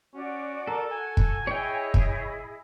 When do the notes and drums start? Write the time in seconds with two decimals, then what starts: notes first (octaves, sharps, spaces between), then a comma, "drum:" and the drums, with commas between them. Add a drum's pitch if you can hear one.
0.14 C#4 F#4 D5
0.67 A4 A#4
0.91 F#4 G#5
1.17 drum: kick
1.47 E4 G#4 C#5 D#5 G5
1.94 drum: kick